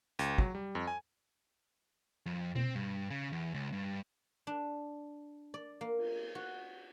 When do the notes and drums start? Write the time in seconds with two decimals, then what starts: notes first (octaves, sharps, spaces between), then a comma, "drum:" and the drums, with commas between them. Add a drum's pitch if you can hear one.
0.19 C#2, drum: hi-hat
0.38 F#3, drum: kick
0.55 G3
0.75 F2
0.87 G#5
2.26 F2
2.56 C4, drum: tom B2
2.76 G2
3.10 C#3
3.32 E2
3.54 C#2
3.73 G2
4.47 D4
5.54 D5
5.81 A#3
5.98 drum: cymbal
6.35 F#4